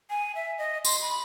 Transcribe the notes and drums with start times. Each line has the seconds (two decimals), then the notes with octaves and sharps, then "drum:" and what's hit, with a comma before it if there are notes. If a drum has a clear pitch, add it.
0.10 G#5
0.35 E5
0.58 D#5
0.85 C6, drum: tambourine
1.01 B5